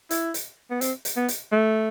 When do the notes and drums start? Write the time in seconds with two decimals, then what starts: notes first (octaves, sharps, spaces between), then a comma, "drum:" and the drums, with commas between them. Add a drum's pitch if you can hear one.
0.11 E4, drum: hi-hat
0.34 drum: hi-hat
0.71 B3
0.81 C4, drum: hi-hat
1.05 drum: hi-hat
1.17 B3
1.28 drum: hi-hat
1.52 A3